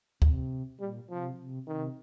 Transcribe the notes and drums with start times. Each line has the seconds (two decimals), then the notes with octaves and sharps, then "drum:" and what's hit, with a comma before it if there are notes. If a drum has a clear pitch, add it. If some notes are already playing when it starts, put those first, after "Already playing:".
0.22 C3, drum: kick
0.80 A#2 G3
1.10 C3 F3
1.38 C3
1.67 C3 D#3